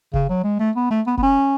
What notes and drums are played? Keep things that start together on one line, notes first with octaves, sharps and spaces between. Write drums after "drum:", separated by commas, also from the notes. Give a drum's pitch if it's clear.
C#3, drum: kick F1
F#3
G#3
A3
B3
A3
B3
B3, drum: kick F1
C#4